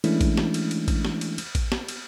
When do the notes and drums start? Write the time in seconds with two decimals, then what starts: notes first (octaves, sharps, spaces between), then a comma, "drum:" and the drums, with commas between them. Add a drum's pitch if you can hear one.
0.04 E3 G#3 A3 C#4 D4 E4, drum: cymbal
0.21 drum: kick A1, cymbal
0.37 drum: snare
0.54 drum: cymbal
0.71 drum: cymbal
0.88 drum: kick A1, cymbal
1.05 drum: snare
1.21 drum: cymbal
1.38 drum: cymbal
1.55 drum: kick A1, cymbal
1.72 drum: snare
1.88 drum: cymbal